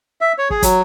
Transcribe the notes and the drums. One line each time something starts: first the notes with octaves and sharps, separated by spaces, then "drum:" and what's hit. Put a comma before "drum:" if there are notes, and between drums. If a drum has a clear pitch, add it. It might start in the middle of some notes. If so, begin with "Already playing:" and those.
E5
C#5
G#4, drum: kick
F#3, drum: kick, hi-hat